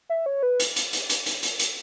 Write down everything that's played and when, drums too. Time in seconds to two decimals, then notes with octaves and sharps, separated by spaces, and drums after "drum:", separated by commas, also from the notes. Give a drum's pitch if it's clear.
0.09 E5
0.26 C#5
0.43 B4
0.60 drum: hi-hat
0.76 drum: hi-hat
0.93 drum: hi-hat
1.10 drum: hi-hat
1.26 drum: hi-hat
1.43 drum: hi-hat
1.60 drum: hi-hat